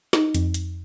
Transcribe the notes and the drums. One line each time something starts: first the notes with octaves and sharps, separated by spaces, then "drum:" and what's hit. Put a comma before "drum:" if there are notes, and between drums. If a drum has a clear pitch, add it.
D#4, drum: snare
F2, drum: hi-hat
drum: hi-hat